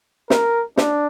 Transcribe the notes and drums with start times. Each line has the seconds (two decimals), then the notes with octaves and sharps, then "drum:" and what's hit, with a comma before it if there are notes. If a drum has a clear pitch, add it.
0.30 A#4, drum: snare
0.77 D4, drum: snare